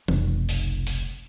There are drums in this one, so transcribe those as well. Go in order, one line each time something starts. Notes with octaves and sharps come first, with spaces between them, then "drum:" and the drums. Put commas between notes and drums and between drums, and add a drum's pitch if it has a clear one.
F1 B1, drum: tom E3
drum: open hi-hat
drum: open hi-hat